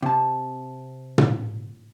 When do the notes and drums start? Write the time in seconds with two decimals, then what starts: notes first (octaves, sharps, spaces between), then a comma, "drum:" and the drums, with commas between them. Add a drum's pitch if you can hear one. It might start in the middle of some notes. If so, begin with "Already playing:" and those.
0.02 C3 A5
1.18 drum: tom